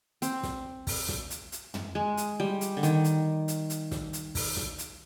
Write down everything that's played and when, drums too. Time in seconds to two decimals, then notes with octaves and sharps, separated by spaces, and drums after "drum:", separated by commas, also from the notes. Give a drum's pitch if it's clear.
0.22 C4, drum: hi-hat
0.43 drum: snare
0.87 drum: kick, open hi-hat
1.09 drum: snare
1.30 drum: hi-hat
1.52 drum: hi-hat
1.74 drum: tom
1.95 G#3
2.17 drum: hi-hat
2.40 G3
2.61 drum: hi-hat
2.77 D3
2.83 D#3, drum: hi-hat
3.04 drum: hi-hat
3.48 drum: hi-hat
3.70 drum: hi-hat
3.91 drum: snare
4.13 drum: hi-hat
4.35 drum: kick, open hi-hat
4.57 drum: snare
4.78 drum: hi-hat